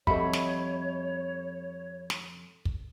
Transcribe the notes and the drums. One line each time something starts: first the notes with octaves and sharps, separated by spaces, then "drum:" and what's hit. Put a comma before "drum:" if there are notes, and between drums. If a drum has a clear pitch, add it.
F2 G3 F#4 A4 C#5 D#5 E5 B5, drum: kick
drum: snare
drum: snare
drum: kick